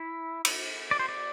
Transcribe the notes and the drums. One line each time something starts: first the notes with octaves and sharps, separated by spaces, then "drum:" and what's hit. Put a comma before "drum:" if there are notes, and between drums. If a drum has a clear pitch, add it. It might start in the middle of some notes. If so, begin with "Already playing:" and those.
Already playing: E4
drum: cymbal
D5
C5
D5